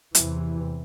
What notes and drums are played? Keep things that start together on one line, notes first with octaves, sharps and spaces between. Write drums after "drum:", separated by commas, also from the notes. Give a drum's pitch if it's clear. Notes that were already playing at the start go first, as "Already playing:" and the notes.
E2 C3 E3, drum: hi-hat